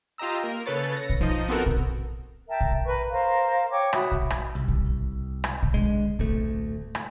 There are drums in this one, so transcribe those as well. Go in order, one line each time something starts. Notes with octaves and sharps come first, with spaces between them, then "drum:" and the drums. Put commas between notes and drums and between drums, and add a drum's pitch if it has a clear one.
F4 G4 D#5 A#5 E6
A#3 A#4
C#3 A4 B4 C#5 A6
A#6 C#7
drum: kick A#1
F3 D#4 D#5
B3 C4 F#4 A4 A#4
drum: kick A#1
A#4 E5 G5 A5
drum: kick A#1
A#4 B4 C#6
A#4 C5 F5
C#5 G5 C#6 D6
F#4 E5 B5 D#6, drum: rim click
drum: kick A#1
drum: rim click
C2
drum: kick A#1
drum: rim click
drum: kick A#1
D3 G#3
D1 D2 A3, drum: kick A#1
drum: rim click